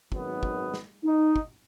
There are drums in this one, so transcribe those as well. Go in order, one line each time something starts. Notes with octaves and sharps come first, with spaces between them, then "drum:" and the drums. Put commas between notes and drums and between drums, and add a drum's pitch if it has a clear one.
G#1 F#2 D#3 F#3 B3, drum: kick
drum: kick
drum: snare
D#4
drum: kick